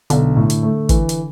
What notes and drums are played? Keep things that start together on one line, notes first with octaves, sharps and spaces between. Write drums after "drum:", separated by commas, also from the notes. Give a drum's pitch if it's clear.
B1 D3, drum: hi-hat
A2
drum: hi-hat
A3
E3, drum: kick, hi-hat
drum: hi-hat